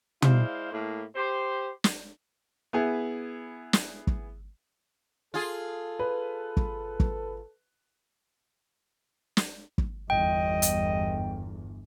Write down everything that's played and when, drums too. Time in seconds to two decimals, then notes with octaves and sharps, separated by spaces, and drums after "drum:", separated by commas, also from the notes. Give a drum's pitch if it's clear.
0.22 G#3 E4 C5 D5 F5, drum: tom
0.72 A2 A#3
1.16 G4 C5
1.84 drum: snare
2.73 B3 E4 G#4
3.73 drum: snare
4.07 drum: kick
5.34 F4 G#4 A4
5.99 B4
6.57 drum: kick
7.00 drum: kick
9.37 drum: snare
9.78 drum: kick
10.10 G1 E2 D#5 G5
10.62 drum: hi-hat